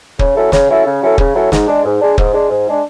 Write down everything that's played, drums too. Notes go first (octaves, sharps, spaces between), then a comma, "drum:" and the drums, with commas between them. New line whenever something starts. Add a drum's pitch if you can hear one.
C#3, drum: kick
F#3 C#4 E4 A4
C#3, drum: snare
F#3 C#4 E4 A4
C#3
F#3 C#4 E4 A4
C#3, drum: kick
F#3 C#4 E4 A4
G#2, drum: snare
G#3 D4
G#2
G#3 D4
G#2, drum: kick
G#3 D4
G#2
G#3 D4